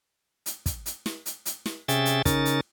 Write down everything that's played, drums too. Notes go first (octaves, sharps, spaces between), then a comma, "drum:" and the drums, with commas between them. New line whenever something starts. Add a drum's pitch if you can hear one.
drum: hi-hat
drum: kick, hi-hat
drum: hi-hat
drum: snare
drum: hi-hat
drum: hi-hat
drum: snare
C3 C#4 G#4 E5 G5 A6, drum: hi-hat
drum: hi-hat
C#3 C#4 D#4 A#4 A6, drum: kick, hi-hat
drum: hi-hat